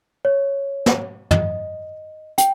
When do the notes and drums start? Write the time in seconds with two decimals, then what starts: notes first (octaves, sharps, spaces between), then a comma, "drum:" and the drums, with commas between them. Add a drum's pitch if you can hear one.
0.25 C#5
0.86 drum: snare
1.31 D#5, drum: tom
2.38 G5, drum: hi-hat